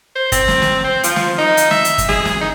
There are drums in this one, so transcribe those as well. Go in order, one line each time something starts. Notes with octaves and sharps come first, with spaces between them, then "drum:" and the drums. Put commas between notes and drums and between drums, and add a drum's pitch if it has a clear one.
C5
C4, drum: kick, hi-hat
drum: snare
drum: snare
C5
F3, drum: hi-hat
drum: snare
D#4
drum: hi-hat
E5, drum: snare
drum: hi-hat
drum: kick, hi-hat
G#4, drum: snare
drum: snare
D#4